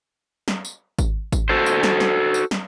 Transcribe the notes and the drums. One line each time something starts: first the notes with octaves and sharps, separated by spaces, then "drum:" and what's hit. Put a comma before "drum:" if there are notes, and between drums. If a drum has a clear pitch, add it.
drum: snare
drum: tambourine
drum: kick G#1, tambourine
drum: kick G#1, tambourine
F#4 A4 C5
drum: tambourine
drum: snare
drum: snare
drum: tambourine
drum: snare